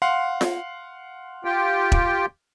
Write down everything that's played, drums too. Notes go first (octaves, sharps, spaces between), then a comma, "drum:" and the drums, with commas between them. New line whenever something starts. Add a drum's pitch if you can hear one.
F5 F#5 C6
drum: snare F4
F4 G4 G5
drum: kick E1